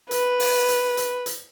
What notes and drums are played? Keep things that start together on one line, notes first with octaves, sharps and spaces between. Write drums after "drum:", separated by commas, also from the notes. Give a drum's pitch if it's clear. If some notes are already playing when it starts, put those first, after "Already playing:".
B4, drum: hi-hat
drum: open hi-hat
drum: hi-hat
drum: hi-hat
drum: hi-hat